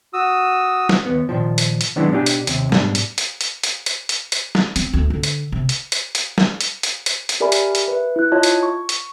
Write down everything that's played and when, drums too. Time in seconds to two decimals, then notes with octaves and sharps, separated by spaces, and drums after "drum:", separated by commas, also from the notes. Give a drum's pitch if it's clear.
0.13 F#4 D#6 E6
0.89 drum: snare
1.06 D#2 B3
1.29 A#2 D#3 F3
1.58 drum: hi-hat
1.81 drum: hi-hat
1.96 D#3 F#3 G#3 B3 D4 E4
2.12 B2 D4 D#4 G4 G#5
2.26 drum: hi-hat
2.47 D#2 C3, drum: hi-hat
2.72 G#2 B2 G3 D4, drum: snare
2.95 drum: hi-hat
3.18 drum: hi-hat
3.41 drum: hi-hat
3.64 drum: hi-hat
3.86 drum: hi-hat
4.09 drum: hi-hat
4.32 drum: hi-hat
4.55 drum: snare
4.76 C4, drum: hi-hat
4.93 D2
5.10 D3
5.23 drum: hi-hat
5.52 C3
5.69 drum: hi-hat
5.92 drum: hi-hat
6.15 drum: hi-hat
6.38 drum: snare
6.61 drum: hi-hat
6.83 drum: hi-hat
7.06 drum: hi-hat
7.29 drum: hi-hat
7.40 G4 A#4 D5 E5 G#5 B5
7.52 drum: hi-hat
7.75 drum: hi-hat
7.88 B4 E5
8.16 E4 F#6
8.32 E4 F4 C#5 D#5 A5
8.43 drum: hi-hat
8.63 C#6
8.89 drum: hi-hat